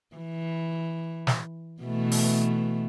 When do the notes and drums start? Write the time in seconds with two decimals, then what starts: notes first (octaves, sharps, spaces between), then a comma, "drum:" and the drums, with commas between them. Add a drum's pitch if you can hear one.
0.16 E3
1.27 drum: snare
1.82 B2 E3 A3
2.12 drum: open hi-hat